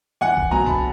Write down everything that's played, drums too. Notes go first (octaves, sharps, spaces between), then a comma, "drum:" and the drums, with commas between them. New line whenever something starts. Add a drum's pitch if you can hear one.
E2 F#5 G#5
drum: kick B1
B2 F#3 G#5 A#5
A5 B5, drum: kick B1